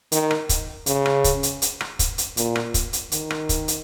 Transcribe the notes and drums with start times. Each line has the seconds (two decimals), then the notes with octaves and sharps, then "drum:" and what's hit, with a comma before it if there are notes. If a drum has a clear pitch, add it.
0.12 D#3, drum: hi-hat
0.31 drum: rim click
0.49 drum: kick, hi-hat
0.86 C#3, drum: hi-hat
1.06 drum: rim click
1.24 drum: kick, hi-hat
1.43 drum: hi-hat
1.62 drum: hi-hat
1.81 drum: rim click
1.99 drum: kick, hi-hat
2.18 drum: hi-hat
2.37 A#2, drum: hi-hat
2.55 drum: rim click
2.74 drum: kick, hi-hat
2.93 drum: hi-hat
3.12 D#3, drum: hi-hat
3.30 drum: rim click
3.49 drum: kick, hi-hat
3.68 drum: hi-hat